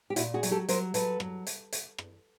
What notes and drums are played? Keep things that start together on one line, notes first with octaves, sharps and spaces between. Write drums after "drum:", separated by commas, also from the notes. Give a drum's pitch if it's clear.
G4
A#2 E4 F#4, drum: hi-hat
F#4 G#4
F#3, drum: hi-hat
G4 A4
F#3 A#4 C5, drum: hi-hat
F#3 A4 B4, drum: hi-hat
F#3, drum: rim click
drum: hi-hat
drum: hi-hat
drum: rim click